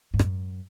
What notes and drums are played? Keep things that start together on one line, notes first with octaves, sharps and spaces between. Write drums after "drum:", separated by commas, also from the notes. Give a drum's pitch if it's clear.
G#2
F#2, drum: rim click